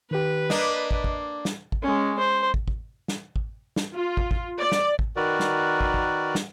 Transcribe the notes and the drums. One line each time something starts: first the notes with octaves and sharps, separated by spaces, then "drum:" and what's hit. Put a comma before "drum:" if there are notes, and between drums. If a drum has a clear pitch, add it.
D#3 G4 B4
A#3 D4 D#5, drum: snare
drum: kick
drum: kick
drum: snare
drum: kick
G#3 C#4
C5
drum: kick
drum: kick
drum: snare
drum: kick
drum: snare
F4
drum: kick
drum: kick
D5
drum: snare
drum: kick
D#3 F#4 A#4 B4 D5
drum: snare
drum: kick
drum: kick
drum: snare